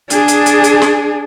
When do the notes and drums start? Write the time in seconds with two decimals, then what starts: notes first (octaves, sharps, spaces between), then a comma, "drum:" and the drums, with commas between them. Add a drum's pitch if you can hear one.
0.10 D4 G#4, drum: hi-hat
0.28 drum: hi-hat
0.46 drum: hi-hat
0.64 drum: hi-hat
0.82 drum: snare